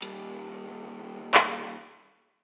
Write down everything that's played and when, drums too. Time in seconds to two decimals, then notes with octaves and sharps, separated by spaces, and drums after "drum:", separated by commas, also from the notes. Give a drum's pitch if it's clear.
0.02 D#2 G3, drum: hi-hat
1.34 drum: clap